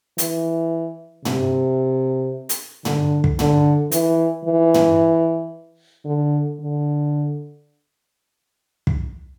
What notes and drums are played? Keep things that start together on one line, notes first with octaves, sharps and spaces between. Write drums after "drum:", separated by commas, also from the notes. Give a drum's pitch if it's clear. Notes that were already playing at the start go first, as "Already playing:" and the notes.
E3, drum: hi-hat
C3, drum: tom
drum: hi-hat
D3, drum: tom
drum: kick
D3, drum: tom
E3, drum: hi-hat
E3
drum: tom
D3
D3
drum: kick